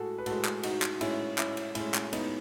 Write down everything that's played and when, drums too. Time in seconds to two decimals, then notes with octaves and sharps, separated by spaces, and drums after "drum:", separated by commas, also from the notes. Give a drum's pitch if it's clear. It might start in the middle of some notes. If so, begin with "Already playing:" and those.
Already playing: A2 G#3 F#4 G#4 A4
0.18 B4
0.26 A2 G#3 F#4 A4, drum: cymbal
0.45 drum: clap
0.63 D#4 F#4, drum: cymbal
0.82 drum: clap
1.01 A2 G#3 C#4 E4, drum: cymbal
1.38 C#4 E4, drum: clap
1.57 drum: cymbal
1.75 A2 G#3 C#4 E4, drum: cymbal
1.94 drum: clap
2.13 B3 D#4, drum: cymbal